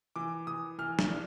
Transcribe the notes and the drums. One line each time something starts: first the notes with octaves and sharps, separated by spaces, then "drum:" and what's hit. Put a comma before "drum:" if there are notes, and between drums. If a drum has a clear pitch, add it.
E3 D6
E3 D#6
E3 F6
drum: snare
D4